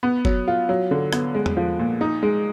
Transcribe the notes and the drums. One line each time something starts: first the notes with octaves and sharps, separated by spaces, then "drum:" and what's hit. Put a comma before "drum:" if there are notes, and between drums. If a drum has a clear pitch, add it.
B3
F#3, drum: kick G1
F4
F#3
D3
B3, drum: rim click
G#3
drum: tom E2
F3
A#2
D#4
G#3